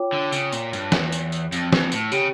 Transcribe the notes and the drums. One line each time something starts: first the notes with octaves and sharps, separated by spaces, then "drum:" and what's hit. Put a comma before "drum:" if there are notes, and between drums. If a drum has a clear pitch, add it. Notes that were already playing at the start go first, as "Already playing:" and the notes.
Already playing: F4 C#5 G5 D6
D3
C#3, drum: tambourine
A#2, drum: tambourine
G2, drum: tambourine
E2, drum: snare
drum: tambourine
drum: tambourine
F2, drum: tambourine
F2, drum: snare
A2, drum: tambourine
C#3 G4 C#5 G5, drum: tambourine